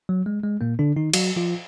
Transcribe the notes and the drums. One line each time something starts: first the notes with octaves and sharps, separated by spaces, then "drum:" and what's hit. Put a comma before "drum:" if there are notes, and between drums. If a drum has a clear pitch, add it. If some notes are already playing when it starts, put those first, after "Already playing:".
F#3
G#3
G#3
A#2 A#3
D3 D4
D#3 D#4
F#3 F#4, drum: cymbal
F3 F4